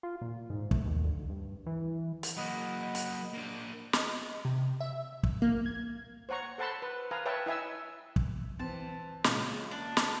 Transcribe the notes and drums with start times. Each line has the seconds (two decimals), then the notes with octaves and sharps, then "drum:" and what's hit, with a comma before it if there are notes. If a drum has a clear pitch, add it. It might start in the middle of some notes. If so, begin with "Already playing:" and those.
0.03 F4
0.21 A#2
0.50 G#2
0.71 A3, drum: kick
0.86 D#2
1.04 D2
1.30 G2
1.66 E3
2.23 drum: hi-hat
2.37 F#3 A#3 D#5 F#5 B5
2.95 drum: hi-hat
3.34 A#3 D4
3.93 D#5, drum: snare
4.45 C3
4.81 E5
5.23 drum: kick
5.42 A#3
5.66 G#6
6.29 C5 C#5 F#5 A#5 C#6
6.58 A4 C5 F#5 A5 B5 C6
6.82 B4
7.11 B4 F5 G#5 A#5
7.26 B4 C#5 E5 G5 A5
7.46 E4 D#5 E5 G#5 E6
8.16 drum: kick
8.59 E3 C4 A5
9.24 C#2 A#2 C#3 G6, drum: snare
9.71 A#3 D4
9.97 drum: snare